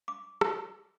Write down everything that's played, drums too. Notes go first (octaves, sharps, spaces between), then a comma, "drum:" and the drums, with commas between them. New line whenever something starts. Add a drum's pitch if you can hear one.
D6
drum: rim click